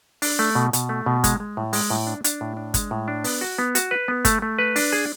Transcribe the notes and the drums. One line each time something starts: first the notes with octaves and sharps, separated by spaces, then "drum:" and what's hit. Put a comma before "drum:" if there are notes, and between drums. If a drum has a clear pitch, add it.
D4, drum: open hi-hat
A3
B2
B2, drum: hi-hat
A3
B2
G#3, drum: kick G1, hi-hat
G#3
A2
G#3, drum: open hi-hat
A2
D4
D4, drum: hi-hat
A2
D4
G#3, drum: kick G1, hi-hat
A2
D4
B3, drum: open hi-hat
F#4
B3
F#4, drum: hi-hat
B4
B3
A3, drum: kick G1, hi-hat
A3
B4
D4, drum: open hi-hat
G#4